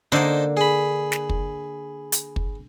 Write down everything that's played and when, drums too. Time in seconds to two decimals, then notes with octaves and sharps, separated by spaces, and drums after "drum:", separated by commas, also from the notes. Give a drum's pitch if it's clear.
0.12 D3 A#3 D#4 C5 A5
0.57 G#4 B5
1.12 drum: snare
1.29 drum: kick
2.12 drum: hi-hat
2.36 drum: kick